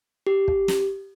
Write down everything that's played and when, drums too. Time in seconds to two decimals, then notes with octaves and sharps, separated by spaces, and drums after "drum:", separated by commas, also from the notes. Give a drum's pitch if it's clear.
0.27 G4
0.48 drum: kick
0.68 drum: snare